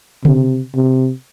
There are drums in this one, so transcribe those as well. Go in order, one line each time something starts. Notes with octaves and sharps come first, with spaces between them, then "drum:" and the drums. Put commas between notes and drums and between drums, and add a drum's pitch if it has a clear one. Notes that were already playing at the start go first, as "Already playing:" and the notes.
C3, drum: tom C#3
C3